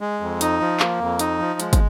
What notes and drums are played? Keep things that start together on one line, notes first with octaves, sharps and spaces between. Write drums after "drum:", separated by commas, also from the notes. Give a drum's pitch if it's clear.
G#3
F2
D#4, drum: hi-hat
F3
A#3, drum: clap
F2
D#4, drum: hi-hat
F3
G#3, drum: hi-hat
drum: kick, hi-hat